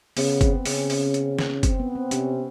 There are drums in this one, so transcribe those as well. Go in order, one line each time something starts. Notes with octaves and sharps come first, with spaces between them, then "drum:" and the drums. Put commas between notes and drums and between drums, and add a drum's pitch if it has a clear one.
C#3 B3, drum: open hi-hat
C4, drum: kick F#1, hi-hat
C#3 C#4, drum: open hi-hat
drum: open hi-hat
drum: hi-hat
drum: snare
C4, drum: kick F#1, hi-hat
B3
C4
C3 C#4, drum: hi-hat